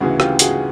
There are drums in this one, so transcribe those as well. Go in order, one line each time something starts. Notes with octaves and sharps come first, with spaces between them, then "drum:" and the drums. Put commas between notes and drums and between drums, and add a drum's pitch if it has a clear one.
D2 C#3 E3 F#4 G#4
F4 G4, drum: rim click
F#4 G#4, drum: hi-hat